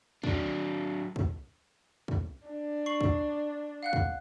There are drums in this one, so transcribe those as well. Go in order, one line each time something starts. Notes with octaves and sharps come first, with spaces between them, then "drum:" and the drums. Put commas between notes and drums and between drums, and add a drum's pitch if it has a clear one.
F#3 D4, drum: kick
drum: kick
drum: kick
D4
C#6 C7 F#7
drum: kick
F5 F#5 F#6
drum: kick